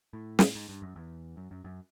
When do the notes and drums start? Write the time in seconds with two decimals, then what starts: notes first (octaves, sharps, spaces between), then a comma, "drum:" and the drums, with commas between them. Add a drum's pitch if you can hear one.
0.13 A2
0.39 drum: snare
0.55 G#2
0.69 G2
0.82 F#2
0.96 E2
1.37 F#2
1.51 F#2
1.65 F#2